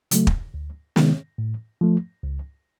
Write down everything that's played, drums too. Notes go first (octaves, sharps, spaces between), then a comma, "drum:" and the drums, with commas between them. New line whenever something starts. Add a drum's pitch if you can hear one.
C#3 F#3 A3, drum: hi-hat
drum: kick
D2
C3 D#3 G#3 B3, drum: snare
A2
F3 A3
C#2